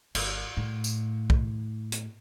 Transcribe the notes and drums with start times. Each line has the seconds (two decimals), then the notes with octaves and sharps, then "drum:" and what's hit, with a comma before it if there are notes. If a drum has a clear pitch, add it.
0.15 G1, drum: cymbal
0.57 A2
0.84 drum: tambourine
1.30 drum: kick
1.92 drum: hi-hat